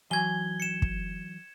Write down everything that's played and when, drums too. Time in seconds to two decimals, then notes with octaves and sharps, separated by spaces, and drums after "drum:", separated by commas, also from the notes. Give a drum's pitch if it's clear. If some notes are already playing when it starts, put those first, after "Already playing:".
0.11 E3 F#3 G#5 G#6 G7
0.60 C#7 E7
0.82 drum: kick